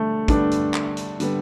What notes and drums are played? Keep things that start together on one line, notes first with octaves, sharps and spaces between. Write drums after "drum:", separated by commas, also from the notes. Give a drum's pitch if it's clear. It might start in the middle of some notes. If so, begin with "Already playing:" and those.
Already playing: D3 G3 A3
D3 G3 B3 D4, drum: kick, hi-hat
drum: hi-hat
drum: clap
drum: hi-hat
D3 G3 B3, drum: hi-hat